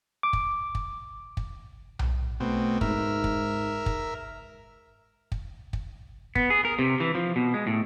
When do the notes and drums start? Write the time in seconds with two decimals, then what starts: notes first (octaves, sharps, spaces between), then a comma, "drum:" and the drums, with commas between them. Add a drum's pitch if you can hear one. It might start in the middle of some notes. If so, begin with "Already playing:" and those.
0.23 D6
0.33 drum: kick
0.75 drum: kick
1.37 drum: kick
1.99 drum: tom B1
2.40 B2 A3 C4
2.81 G#2 A#4 E5, drum: kick
3.24 drum: kick
3.86 drum: kick
5.32 drum: kick
5.73 drum: kick
6.35 B3, drum: kick
6.50 G#4
6.65 A#4
6.79 C3
7.00 E3
7.15 F3
7.36 B2
7.54 G#3
7.67 A2